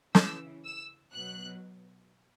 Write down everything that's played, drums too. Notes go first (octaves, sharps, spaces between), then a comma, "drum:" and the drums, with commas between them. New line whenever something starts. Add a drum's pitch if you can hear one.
C#3 E3 E6, drum: snare
E6
B2 F#3 F#6